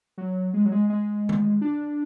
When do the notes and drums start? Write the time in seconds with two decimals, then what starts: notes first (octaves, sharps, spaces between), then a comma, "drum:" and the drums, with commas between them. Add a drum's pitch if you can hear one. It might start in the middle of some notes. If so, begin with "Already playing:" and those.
0.18 F#3
0.54 G#3
0.66 F#3
0.72 G#3
0.90 G#3
1.29 drum: tom D#3
1.61 D4